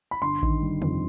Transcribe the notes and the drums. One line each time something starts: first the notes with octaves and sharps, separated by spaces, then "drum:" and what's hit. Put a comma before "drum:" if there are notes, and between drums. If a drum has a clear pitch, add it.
B5
G1 C6
D#3, drum: kick A1
G3
F2, drum: tom